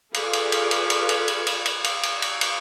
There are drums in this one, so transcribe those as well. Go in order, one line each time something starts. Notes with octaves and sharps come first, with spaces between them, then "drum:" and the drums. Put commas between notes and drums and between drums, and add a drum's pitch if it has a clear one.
F4 G#4 A4 B4 D5 F5, drum: cymbal
drum: cymbal
drum: cymbal
drum: cymbal
drum: cymbal
drum: cymbal
drum: cymbal
drum: cymbal
drum: cymbal
drum: cymbal
drum: cymbal
drum: cymbal
drum: cymbal